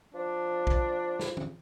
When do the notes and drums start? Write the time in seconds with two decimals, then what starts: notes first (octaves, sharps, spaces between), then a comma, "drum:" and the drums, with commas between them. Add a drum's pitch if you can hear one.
0.14 F3 D4
0.67 drum: kick
1.20 drum: snare
1.37 drum: tom